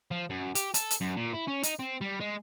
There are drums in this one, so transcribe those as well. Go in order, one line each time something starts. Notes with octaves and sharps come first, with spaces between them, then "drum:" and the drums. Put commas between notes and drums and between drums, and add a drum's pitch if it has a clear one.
F3
F#2
G4, drum: hi-hat
A4, drum: hi-hat
drum: hi-hat
F#2
A#2
E4
C#4
D#4, drum: hi-hat
C4
G3
G#3